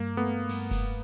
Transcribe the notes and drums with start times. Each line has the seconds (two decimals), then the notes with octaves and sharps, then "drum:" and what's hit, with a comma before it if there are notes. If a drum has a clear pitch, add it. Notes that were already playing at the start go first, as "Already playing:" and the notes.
Already playing: G2 A#3
0.17 A3 B3
0.49 G2, drum: cymbal
0.71 drum: kick F1, cymbal